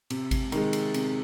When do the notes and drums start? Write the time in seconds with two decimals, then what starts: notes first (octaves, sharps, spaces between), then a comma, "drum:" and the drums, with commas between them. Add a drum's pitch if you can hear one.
0.10 C3, drum: cymbal
0.31 drum: kick G#1, cymbal
0.52 D#3 G#3, drum: cymbal
0.73 drum: cymbal
0.94 C3, drum: cymbal